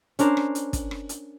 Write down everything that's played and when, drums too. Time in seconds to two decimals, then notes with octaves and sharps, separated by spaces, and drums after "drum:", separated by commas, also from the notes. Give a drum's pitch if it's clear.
0.19 C#4 D4 A#4 C5, drum: hi-hat
0.37 drum: rim click
0.55 drum: hi-hat
0.73 drum: kick, hi-hat
0.91 drum: rim click
1.09 drum: hi-hat